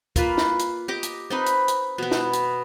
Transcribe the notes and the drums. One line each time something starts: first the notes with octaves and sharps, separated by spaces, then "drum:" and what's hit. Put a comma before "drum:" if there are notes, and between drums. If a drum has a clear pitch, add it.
A#3 F4 B4, drum: kick, hi-hat
drum: snare
drum: hi-hat
G4 D#5 D6
drum: hi-hat
C4 D#4 B4
drum: hi-hat
drum: hi-hat
B2 B3
drum: snare
drum: hi-hat